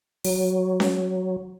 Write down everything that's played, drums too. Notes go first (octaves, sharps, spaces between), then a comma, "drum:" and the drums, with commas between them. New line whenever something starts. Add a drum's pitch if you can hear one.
F#3, drum: open hi-hat
drum: snare C#4